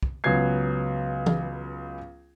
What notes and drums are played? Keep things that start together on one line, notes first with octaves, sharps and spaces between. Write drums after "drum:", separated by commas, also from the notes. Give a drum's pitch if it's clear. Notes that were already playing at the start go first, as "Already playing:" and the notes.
drum: kick
C#2 F#3 B3 C#4 G#6 C7
drum: tom E3